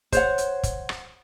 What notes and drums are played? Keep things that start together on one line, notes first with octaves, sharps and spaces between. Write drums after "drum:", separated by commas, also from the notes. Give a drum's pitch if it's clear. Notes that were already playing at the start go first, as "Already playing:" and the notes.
C5 C#5 F#5, drum: kick, hi-hat
drum: hi-hat
drum: kick, hi-hat
drum: rim click